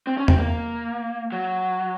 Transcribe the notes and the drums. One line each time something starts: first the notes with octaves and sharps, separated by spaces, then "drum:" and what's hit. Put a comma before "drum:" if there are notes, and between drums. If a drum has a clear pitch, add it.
C4
C#4
C4, drum: tom E2
A#3
F#3